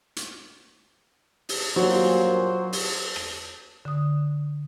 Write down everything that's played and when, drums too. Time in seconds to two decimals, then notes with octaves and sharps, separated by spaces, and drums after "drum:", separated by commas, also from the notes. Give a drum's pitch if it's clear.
0.16 drum: hi-hat
1.49 drum: open hi-hat
1.76 G2 A#2 F#3 C5
2.73 drum: open hi-hat
3.16 drum: rim click
3.85 D3 D#6